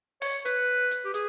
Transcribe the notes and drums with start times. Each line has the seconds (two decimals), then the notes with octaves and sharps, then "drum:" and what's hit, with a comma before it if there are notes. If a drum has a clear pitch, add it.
0.22 C#5, drum: open hi-hat
0.45 B4, drum: hi-hat
0.91 drum: hi-hat
1.05 G4
1.14 G#4, drum: hi-hat